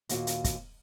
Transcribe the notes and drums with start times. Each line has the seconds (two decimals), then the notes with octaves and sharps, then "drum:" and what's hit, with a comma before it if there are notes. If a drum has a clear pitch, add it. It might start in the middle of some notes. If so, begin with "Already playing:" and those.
0.09 D#2 A#2 F4 F#4 F5, drum: hi-hat
0.27 drum: hi-hat
0.44 drum: kick, hi-hat